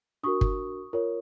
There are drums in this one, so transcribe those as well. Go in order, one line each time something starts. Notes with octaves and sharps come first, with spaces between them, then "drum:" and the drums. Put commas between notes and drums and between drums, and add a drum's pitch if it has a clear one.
D4 F#4 A#4 C#6 D#6
drum: kick G1
F4 A#4 C#5